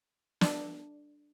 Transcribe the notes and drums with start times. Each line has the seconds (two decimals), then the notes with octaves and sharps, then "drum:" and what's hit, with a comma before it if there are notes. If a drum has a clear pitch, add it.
0.41 D4, drum: snare